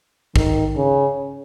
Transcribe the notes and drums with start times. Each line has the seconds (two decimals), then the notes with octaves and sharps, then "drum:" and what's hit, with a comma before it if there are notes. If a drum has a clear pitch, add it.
0.36 D#3, drum: kick
0.76 C#3